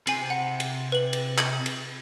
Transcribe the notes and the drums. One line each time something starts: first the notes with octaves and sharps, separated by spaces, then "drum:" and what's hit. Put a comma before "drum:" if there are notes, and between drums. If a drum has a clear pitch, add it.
C3 G#5 C7 F#7, drum: cymbal
F#5
drum: cymbal
B4 F#7
drum: cymbal
G#6 F#7, drum: clap
drum: cymbal